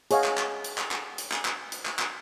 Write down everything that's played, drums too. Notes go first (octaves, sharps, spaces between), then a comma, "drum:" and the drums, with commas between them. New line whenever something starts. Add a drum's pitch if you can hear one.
G#4 C#5 D#5 F5 F#5, drum: hi-hat
drum: clap
drum: clap
drum: hi-hat
drum: clap
drum: clap
drum: hi-hat
drum: clap
drum: clap
drum: hi-hat
drum: clap
drum: clap